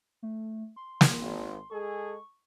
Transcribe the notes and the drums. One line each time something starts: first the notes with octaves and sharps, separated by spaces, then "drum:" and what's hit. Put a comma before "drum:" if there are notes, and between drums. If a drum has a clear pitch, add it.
A3
C6
drum: snare
G#1
G#3 G#4 A4 C#6